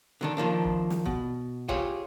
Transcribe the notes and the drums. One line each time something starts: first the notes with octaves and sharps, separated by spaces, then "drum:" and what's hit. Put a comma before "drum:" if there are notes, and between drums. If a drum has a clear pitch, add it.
D3 D#3 D4
D#3 F3 A#3 D4
drum: kick
drum: snare
B2, drum: kick
F4 G4 G#4 C#5, drum: kick